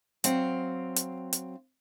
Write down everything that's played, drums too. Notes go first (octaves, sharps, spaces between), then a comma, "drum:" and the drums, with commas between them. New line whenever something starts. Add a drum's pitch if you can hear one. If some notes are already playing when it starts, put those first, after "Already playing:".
F#3 C4 F5, drum: hi-hat
drum: hi-hat
drum: hi-hat